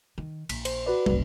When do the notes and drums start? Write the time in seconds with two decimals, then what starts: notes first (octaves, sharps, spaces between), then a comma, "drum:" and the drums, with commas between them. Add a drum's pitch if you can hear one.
0.18 D#3
0.49 A#1 B6, drum: cymbal
0.65 C5, drum: cymbal
0.86 F#4 B4 D5
1.06 F#1 C2, drum: tom